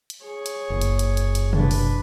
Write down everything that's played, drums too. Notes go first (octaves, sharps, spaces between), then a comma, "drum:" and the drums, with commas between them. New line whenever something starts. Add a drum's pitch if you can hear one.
drum: hi-hat
G#4 C#5
drum: hi-hat
F#1
drum: hi-hat
drum: hi-hat
drum: hi-hat
drum: hi-hat
D4 B4, drum: tom B2
drum: open hi-hat